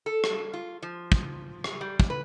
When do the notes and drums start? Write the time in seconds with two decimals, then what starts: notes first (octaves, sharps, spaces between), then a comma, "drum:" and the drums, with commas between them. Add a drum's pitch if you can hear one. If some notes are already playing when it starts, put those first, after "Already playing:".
0.06 A4
0.24 drum: rim click
0.53 F4
0.82 F3
1.12 drum: kick
1.64 drum: rim click
1.81 G3
2.00 drum: kick
2.10 B4